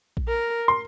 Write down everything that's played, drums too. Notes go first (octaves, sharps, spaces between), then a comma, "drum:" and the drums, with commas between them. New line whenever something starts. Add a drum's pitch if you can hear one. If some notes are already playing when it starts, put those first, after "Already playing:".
drum: kick A#1
A#4
C6